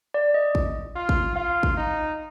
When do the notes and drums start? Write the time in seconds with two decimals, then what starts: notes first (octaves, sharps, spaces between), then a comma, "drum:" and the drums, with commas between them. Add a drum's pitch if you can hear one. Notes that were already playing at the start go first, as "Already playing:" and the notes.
0.14 D5
0.34 D#5
0.55 drum: kick
0.96 F4
1.09 drum: kick
1.36 F4 F5
1.63 drum: kick
1.77 D#4